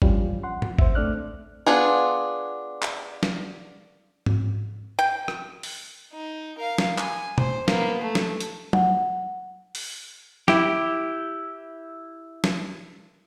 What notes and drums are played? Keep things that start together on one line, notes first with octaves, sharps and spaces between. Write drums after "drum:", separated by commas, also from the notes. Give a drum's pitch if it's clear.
G2 E3 F3 G3 C#4 F4, drum: kick G#1
F#5 C6
drum: tom A2
C5 E5, drum: kick G#1
A3 C4 D4 D5 F6 F#6
B3 D4 F4 G#4
drum: clap
drum: snare
drum: tom G#2
G5
drum: rim click
drum: open hi-hat
D#4
A#4 F5
drum: snare
G#5, drum: clap
C5, drum: tom B2
A#3 B3, drum: snare
A3
drum: snare
drum: hi-hat
F#5, drum: tom
drum: open hi-hat
E4 G4, drum: snare
drum: snare